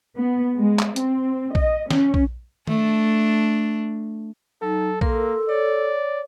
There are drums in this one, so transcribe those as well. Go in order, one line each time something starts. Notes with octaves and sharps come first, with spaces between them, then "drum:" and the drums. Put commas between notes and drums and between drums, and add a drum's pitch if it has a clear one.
B3
G#3
drum: clap
C4, drum: hi-hat
D#5, drum: kick A#1
C#4, drum: snare
drum: kick A#1
A3 D4, drum: tom D#3
F#3 D#4 A4
A#3 A4 A#4 C6, drum: kick A#1
C#5 D5